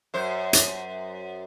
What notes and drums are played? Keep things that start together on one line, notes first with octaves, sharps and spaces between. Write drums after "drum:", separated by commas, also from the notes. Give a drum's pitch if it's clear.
F#2 C5
drum: hi-hat